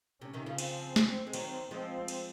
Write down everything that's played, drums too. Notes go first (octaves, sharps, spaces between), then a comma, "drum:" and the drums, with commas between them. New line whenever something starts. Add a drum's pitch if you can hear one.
C3 C#4
C3 D#3
C#3 F3
C4, drum: cymbal
drum: snare
G#3
D#3 F#3, drum: cymbal
F3 G#3 C4
drum: cymbal